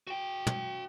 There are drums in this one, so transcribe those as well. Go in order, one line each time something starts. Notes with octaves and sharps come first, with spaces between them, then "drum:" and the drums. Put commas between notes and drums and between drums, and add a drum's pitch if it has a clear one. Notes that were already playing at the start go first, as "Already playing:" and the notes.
F#4 G5
drum: tom